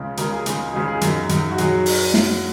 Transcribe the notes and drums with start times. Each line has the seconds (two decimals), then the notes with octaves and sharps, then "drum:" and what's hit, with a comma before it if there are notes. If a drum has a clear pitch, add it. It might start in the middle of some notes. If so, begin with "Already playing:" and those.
Already playing: C#2 C#3 G#3
0.17 C#2 C#3 G#3 A#4, drum: hi-hat
0.32 G#4
0.46 C#2 C#3 G#3, drum: hi-hat
0.73 C#2 C#3 G#3 G#4
0.88 G#4
1.01 F#2 F#3 D#4, drum: hi-hat
1.29 F#2 F#3 D#4, drum: hi-hat
1.52 F#4
1.58 F#3 G#4, drum: hi-hat
1.86 drum: open hi-hat
2.14 drum: snare